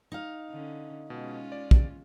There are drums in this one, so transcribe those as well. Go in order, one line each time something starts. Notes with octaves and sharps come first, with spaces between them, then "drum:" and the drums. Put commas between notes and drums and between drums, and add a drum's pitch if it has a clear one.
D#4 F5
D3 C#4
B2 G#3 C#4 F4
D5
drum: kick